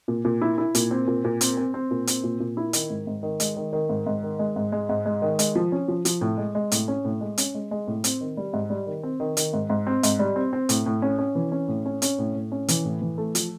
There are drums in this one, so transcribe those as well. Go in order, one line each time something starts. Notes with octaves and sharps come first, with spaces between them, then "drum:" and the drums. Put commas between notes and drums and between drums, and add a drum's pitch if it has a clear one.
A#2
A#2
E4
E4
A#2, drum: hi-hat
C4
A#2
A#2
C4, drum: hi-hat
C4
C4
A#2
C4, drum: hi-hat
A#2
A#2
E4
D#3, drum: hi-hat
G#2
G#2
D#3
G#3, drum: hi-hat
D#3
D#3
G#2
G#2
D#3
G#3
G#2
G#3
G#2
G#3
D#3
G#3, drum: hi-hat
F3
C#4
F3
F3, drum: hi-hat
A2
G#3
G#3
A2, drum: hi-hat
C#4
A2
G#3
C#4, drum: hi-hat
G#3
G#3
A2
C4, drum: hi-hat
D#3
G3
G#2
G3
D#3
C4
D#3
D#3, drum: hi-hat
G#2
G#2
C4
G#2, drum: hi-hat
G3
C4
C4
A2, drum: hi-hat
A2
C#4
C#4
E3
C#4
A2
C#4
C#4, drum: hi-hat
A2
A2
C#4
E3, drum: hi-hat
A2
E3
A3
F3, drum: hi-hat